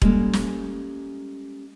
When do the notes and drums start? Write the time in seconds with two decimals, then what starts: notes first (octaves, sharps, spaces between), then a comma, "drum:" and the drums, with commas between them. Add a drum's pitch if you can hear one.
0.02 G3 G#3 A#3 C#4 A4, drum: kick E1
0.33 drum: snare